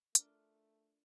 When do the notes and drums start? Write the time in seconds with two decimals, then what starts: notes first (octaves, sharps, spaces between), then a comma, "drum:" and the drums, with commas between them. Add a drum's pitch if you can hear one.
0.15 A3 D4 F4 A#4, drum: hi-hat